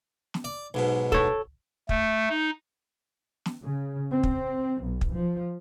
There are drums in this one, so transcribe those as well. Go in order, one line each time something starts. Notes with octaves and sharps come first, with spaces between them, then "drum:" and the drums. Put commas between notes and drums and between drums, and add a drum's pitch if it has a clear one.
drum: snare
D5
B1 G#2 B2
A4 C#5, drum: kick
A3, drum: kick
D#4
drum: snare
C#3
C4
drum: kick
B1
drum: kick
F3